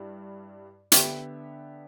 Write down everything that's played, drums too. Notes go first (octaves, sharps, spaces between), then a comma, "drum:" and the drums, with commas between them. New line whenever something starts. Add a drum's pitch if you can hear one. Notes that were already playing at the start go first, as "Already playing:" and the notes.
Already playing: G2 G3 E4
D3 B3 D4 G4 E5, drum: hi-hat